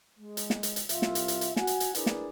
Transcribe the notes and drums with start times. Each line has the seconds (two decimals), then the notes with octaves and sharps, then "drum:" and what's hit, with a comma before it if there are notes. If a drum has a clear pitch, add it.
0.20 G#3
0.37 drum: hi-hat
0.50 drum: snare
0.63 drum: hi-hat
0.76 drum: hi-hat
0.89 C2 F4 E5, drum: hi-hat
1.02 drum: snare
1.15 drum: hi-hat
1.28 drum: hi-hat
1.41 drum: hi-hat
1.56 F#4 F#5 G#5, drum: snare
1.67 drum: hi-hat
1.80 drum: hi-hat
1.95 D4 E4 G#4 A#4 B4 D5, drum: hi-hat
2.06 drum: snare